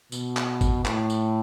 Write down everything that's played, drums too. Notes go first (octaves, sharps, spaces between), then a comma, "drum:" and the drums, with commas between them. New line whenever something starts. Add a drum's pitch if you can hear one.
B2, drum: tambourine
drum: clap
drum: kick G#1, tambourine
A2, drum: clap
drum: tambourine